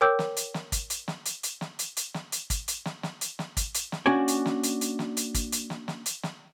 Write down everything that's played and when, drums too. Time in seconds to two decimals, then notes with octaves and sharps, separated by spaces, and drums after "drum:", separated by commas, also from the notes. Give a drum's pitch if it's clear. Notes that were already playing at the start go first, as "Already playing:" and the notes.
0.01 A#4 C#5 G5 D6 E6 G6
0.19 drum: snare
0.37 drum: hi-hat
0.54 drum: snare
0.72 drum: kick, hi-hat
0.90 drum: hi-hat
1.08 drum: snare
1.25 drum: hi-hat
1.43 drum: hi-hat
1.61 drum: snare
1.79 drum: hi-hat
1.97 drum: hi-hat
2.14 drum: snare
2.32 drum: hi-hat
2.50 drum: kick, hi-hat
2.68 drum: hi-hat
2.85 drum: snare
3.03 drum: snare
3.21 drum: hi-hat
3.39 drum: snare
3.57 drum: kick, hi-hat
3.74 drum: hi-hat
3.92 drum: snare
4.06 A#3 C#4 D4 F#4 G5 G#5
4.28 drum: hi-hat
4.46 drum: snare
4.63 drum: hi-hat
4.81 drum: hi-hat
4.99 drum: snare
5.17 drum: hi-hat
5.34 drum: kick, hi-hat
5.52 drum: hi-hat
5.70 drum: snare
5.88 drum: snare
6.06 drum: hi-hat
6.23 drum: snare